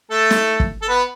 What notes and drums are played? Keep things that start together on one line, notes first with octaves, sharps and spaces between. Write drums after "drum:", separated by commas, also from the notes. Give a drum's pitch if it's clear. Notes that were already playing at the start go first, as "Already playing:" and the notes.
A3 A4
drum: snare
drum: kick
A4
B3 B4